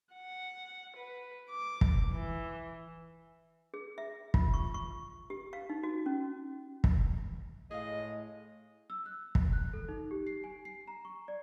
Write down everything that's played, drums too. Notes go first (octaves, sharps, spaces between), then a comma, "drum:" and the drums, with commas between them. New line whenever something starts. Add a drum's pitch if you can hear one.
F#5
B4
D6
drum: kick
E3
G#4
E5
F4, drum: kick
C#6
C#6
G4
F5
D#4
F#4
C#4
drum: kick
A2 G#3 G#4 D#5 F5
E6
F#6
drum: kick
F#6
A4
D#4
G4
C7
G#5
C7
A#5
C#6
D5